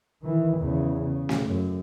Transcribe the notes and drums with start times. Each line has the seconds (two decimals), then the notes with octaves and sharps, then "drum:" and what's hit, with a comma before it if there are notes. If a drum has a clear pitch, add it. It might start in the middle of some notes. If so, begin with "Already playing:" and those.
0.22 D#3 E3
0.57 E2 C#3
1.01 C#3
1.29 drum: snare
1.46 F#2